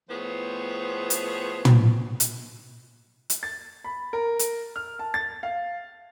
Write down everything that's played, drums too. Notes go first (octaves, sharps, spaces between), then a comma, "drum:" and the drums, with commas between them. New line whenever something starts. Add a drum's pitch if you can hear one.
A2 F3 B3 G#4 C5 C#5
drum: hi-hat
drum: tom
drum: hi-hat
drum: hi-hat
A6
B5
A#4
drum: hi-hat
F6
A5
A6
F5